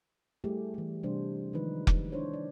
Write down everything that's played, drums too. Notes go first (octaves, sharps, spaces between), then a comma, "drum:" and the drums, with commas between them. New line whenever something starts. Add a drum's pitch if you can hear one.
G3 A3 E4 G4 G#4
E3 A3
C3 G3 D4 C5
D#3 F3 G#3 D#4 B4
drum: kick F1
D4 E4 C5 C#5
D5